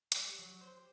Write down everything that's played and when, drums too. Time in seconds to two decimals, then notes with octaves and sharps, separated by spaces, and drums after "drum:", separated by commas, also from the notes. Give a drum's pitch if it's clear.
0.12 G3, drum: hi-hat
0.39 F#3
0.61 C5
0.77 G4